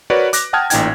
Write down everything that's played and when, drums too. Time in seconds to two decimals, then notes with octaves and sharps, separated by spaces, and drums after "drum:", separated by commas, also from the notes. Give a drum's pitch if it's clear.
0.10 F#4 A#4 B4 C#5 D5
0.33 D6 F#6 A#6, drum: hi-hat
0.53 F#5 G5 A5 D#6 F6 G#6
0.70 A1 A#2 D#4 G5 G#6, drum: hi-hat